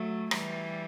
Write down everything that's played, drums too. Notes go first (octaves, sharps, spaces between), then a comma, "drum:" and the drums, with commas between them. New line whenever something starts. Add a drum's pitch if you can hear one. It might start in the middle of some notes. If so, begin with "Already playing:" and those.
Already playing: F#3 A3
E3 G3, drum: rim click